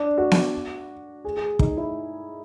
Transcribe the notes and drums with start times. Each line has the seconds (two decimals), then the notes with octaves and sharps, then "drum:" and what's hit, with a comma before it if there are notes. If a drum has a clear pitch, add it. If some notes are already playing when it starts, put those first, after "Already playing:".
Already playing: D4
0.18 F#4
0.31 drum: snare B3
1.25 G#4
1.37 G#4
1.59 D#4, drum: kick
1.77 E4